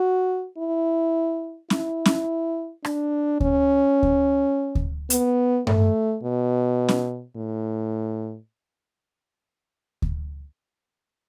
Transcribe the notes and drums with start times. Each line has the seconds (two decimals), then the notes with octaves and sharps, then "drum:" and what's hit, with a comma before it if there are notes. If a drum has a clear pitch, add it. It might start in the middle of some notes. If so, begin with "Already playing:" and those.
Already playing: F#4
0.58 E4
1.70 E4, drum: snare
2.06 drum: snare
2.85 D4, drum: rim click
3.40 C#4, drum: kick D2
4.03 drum: kick D2
4.75 drum: kick D2
5.10 B3, drum: hi-hat
5.67 A3, drum: tom G2
6.23 B2
6.89 drum: snare
7.36 A2
10.02 drum: kick D2